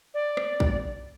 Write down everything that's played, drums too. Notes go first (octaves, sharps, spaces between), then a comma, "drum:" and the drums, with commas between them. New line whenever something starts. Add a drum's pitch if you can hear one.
D5
drum: rim click
drum: kick